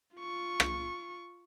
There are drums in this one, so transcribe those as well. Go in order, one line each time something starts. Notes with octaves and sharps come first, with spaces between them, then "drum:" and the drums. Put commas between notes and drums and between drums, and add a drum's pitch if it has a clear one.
F4 C#6
drum: rim click